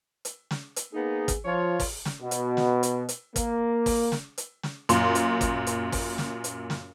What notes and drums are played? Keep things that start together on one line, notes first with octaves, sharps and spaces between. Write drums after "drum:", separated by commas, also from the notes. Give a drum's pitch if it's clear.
drum: hi-hat
drum: snare
drum: hi-hat
A#3 B3 D#4 G#4
drum: kick, hi-hat
F3 F4 C#5
drum: kick, open hi-hat
drum: snare
B2
drum: hi-hat
drum: snare
drum: hi-hat
drum: hi-hat
A#3, drum: kick, hi-hat
drum: kick, open hi-hat
drum: snare
drum: hi-hat
drum: snare
F#2 A#2 C6, drum: hi-hat
drum: hi-hat
drum: kick, hi-hat
drum: hi-hat
drum: kick, open hi-hat
drum: snare
drum: hi-hat
drum: snare